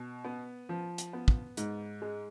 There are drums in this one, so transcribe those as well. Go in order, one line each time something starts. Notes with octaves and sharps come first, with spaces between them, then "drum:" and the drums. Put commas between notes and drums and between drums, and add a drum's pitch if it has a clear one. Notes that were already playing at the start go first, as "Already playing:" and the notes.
Already playing: B2
B3
F3
drum: hi-hat
B3
drum: kick
G#2, drum: hi-hat
G#3